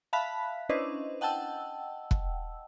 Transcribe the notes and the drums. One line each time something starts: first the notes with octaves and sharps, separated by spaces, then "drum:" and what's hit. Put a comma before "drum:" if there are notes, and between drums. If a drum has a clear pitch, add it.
E5 F5 A5 B5 F#6 B6
C#4 D4 E4 B4 C5 D#5
D#5 F#5 G5 A5 E6
drum: kick